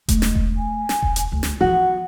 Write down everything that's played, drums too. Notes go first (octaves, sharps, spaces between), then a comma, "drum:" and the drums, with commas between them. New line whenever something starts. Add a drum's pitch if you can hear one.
G#3 A3, drum: kick E1, hi-hat
drum: snare
drum: kick E1
G#5
drum: snare
drum: kick E1
drum: hi-hat
D2
drum: snare
E3 F3 F#4 F#5